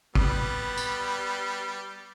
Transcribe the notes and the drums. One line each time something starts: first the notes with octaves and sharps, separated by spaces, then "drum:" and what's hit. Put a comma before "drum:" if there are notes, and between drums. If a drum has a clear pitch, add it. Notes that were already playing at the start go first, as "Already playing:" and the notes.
G3 B3, drum: kick
drum: tambourine